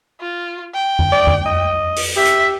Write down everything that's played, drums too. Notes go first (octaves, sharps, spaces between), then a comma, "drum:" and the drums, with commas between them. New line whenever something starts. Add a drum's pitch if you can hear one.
F4
G5
drum: tom F2
D5
drum: tom F2
D#5
drum: open hi-hat
G4 E5
drum: hi-hat